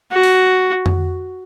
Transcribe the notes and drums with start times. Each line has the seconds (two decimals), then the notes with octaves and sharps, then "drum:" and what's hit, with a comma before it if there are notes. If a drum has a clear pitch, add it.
0.11 F#4
0.23 drum: open hi-hat
0.86 drum: tom F2